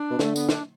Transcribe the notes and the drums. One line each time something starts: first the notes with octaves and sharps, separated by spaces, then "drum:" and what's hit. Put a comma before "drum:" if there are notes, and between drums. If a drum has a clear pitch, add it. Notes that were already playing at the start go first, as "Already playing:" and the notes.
Already playing: D4
B2
D3 A3, drum: snare
B3, drum: tambourine
D4, drum: snare